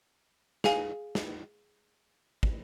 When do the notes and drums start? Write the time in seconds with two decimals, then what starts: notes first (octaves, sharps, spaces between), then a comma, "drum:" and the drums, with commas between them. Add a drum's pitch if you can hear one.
0.64 G#4 F5 G#5, drum: snare
1.15 drum: snare
2.43 drum: kick